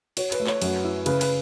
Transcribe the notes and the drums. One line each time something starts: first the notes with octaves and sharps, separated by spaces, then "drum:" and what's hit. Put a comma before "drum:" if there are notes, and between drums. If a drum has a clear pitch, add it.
F#4 C#5, drum: cymbal
B4, drum: cymbal
A3
C#5, drum: clap
F#2 F#4, drum: cymbal
E4
C#3 B4, drum: cymbal
B4, drum: cymbal